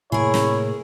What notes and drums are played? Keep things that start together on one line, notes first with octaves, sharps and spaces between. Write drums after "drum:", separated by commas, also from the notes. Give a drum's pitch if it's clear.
A2 C3 A#3 E4 G#4 A#4 C#5
drum: snare